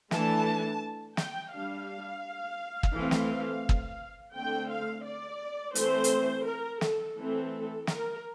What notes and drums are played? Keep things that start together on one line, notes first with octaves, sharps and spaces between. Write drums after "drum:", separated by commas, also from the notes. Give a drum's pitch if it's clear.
E3 A3 D4 A5, drum: snare
G5, drum: snare
G3 D4 F5
drum: kick
E3 A3 C4
drum: snare
drum: kick
D3 A3 C4 G5
F5
D5
E3 A3 C4 C5, drum: hi-hat
drum: hi-hat
A#4
A4, drum: snare
E3 A3 C4 A4
A#4, drum: snare